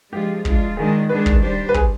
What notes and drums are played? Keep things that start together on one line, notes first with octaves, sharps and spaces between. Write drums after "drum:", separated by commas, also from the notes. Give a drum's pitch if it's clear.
F3 G#3 D4 F4 G4 G#4
G#3 D4 F4, drum: kick
D#3 G#3 D4 G#4
D#3 G#3 D4 G#4 B4
drum: kick
G3 D4 G4 C5
B4
G#4, drum: kick